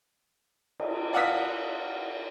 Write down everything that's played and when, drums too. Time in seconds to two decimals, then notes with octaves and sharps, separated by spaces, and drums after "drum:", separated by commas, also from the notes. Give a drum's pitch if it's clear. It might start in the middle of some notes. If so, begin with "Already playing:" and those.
0.80 drum: cymbal
1.13 D5 F5 F#5 D#6 E6 B6